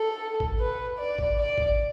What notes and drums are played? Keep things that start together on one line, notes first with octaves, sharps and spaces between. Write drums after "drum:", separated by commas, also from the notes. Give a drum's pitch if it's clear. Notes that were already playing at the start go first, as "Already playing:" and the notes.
Already playing: A4
drum: kick
B4
D5
drum: kick
D5
drum: kick